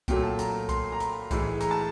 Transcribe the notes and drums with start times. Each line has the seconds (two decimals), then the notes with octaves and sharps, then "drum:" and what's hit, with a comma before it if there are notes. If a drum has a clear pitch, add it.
0.08 A#2 F#3 A3 G5, drum: kick C2, hi-hat
0.23 A5
0.39 A#5, drum: hi-hat
0.69 C6, drum: kick C2, hi-hat
0.92 A#5
1.00 B5, drum: hi-hat
1.31 A2 E3 G#3, drum: kick C2, hi-hat
1.61 A#5, drum: hi-hat
1.71 A5